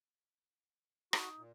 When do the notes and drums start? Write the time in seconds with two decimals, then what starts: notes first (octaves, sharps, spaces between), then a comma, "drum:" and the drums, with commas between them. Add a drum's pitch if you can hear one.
1.13 D#4 F#4, drum: rim click
1.37 A#2